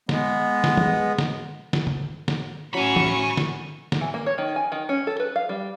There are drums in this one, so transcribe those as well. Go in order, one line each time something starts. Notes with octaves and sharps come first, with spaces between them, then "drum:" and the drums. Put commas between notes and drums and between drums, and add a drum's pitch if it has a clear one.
G#3 B3, drum: snare
drum: snare
drum: tom
drum: snare
drum: snare
drum: tom
drum: snare
A2 F#3 C#4 G#5 B5 C#6
drum: tom
drum: snare
drum: snare
E3
A#3
C#5
D#3
G#5
D#3
C#4
A4
B4
F5
G3